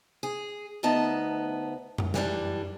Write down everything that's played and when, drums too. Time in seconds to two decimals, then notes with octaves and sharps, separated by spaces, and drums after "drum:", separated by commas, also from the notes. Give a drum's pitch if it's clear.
0.23 G#4
0.83 D2 A3 B3 D#4 A5
1.98 drum: tom F2
2.14 E3 G3 D4, drum: snare